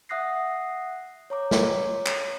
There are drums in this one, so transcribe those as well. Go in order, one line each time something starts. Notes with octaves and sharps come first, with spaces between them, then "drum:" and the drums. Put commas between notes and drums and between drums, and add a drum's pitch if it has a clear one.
E5 F#5 D#6 F#6 A#6 C7
C#5 A#5 D6
drum: snare
drum: clap